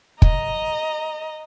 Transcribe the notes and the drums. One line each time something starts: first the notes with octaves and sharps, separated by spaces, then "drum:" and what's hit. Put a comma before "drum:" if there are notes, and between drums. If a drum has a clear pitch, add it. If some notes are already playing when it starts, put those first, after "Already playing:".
D#5 A#5, drum: kick